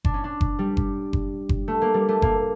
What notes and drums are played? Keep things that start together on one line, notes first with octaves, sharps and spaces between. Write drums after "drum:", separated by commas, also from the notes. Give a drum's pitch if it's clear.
D4, drum: kick F#1
C#4
D4
drum: kick F#1
G3
drum: kick F#1
drum: kick F#1
drum: kick F#1
A3
A#3
G3
A3
A#3, drum: kick F#1